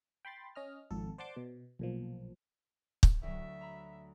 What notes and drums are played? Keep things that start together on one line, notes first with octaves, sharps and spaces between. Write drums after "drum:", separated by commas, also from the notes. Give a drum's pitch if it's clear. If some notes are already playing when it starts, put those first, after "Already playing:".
G5 B5 C6 A6
C#4 D#5 F6
G#1 F2 A4
C5 D5 F#5 A5 C6 D6
B2
B1 A#2 F3
drum: kick
D2 F#3 E5
A#5 B5